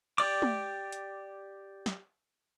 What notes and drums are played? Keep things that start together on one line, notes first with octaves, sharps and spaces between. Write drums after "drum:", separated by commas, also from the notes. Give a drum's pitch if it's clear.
G4 D5 D6, drum: cymbal
drum: tom
drum: hi-hat
drum: snare